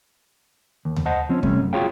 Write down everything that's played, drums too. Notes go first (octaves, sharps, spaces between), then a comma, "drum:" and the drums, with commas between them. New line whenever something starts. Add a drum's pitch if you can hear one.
D#2
drum: tom D#2
C5 D#5 F#5 A5
F3 C4 C#4
C3 G3 A3 C#4, drum: kick
F#2
F4 F#4 G#4 C#5 F5 G5